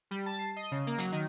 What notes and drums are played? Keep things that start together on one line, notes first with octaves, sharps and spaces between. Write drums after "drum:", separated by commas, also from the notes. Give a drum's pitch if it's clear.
G3
A5
C7
D#5
C#3
A#3
F#3, drum: hi-hat
D#3